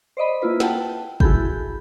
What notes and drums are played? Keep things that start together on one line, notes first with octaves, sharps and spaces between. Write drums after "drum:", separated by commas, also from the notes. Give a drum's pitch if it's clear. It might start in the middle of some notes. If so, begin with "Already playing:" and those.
C5 D5 D#5 B5
A#3 E4 F4 B4
F#5 G5 A5, drum: snare
E4 F#4 G#4 A4 B5 G6, drum: kick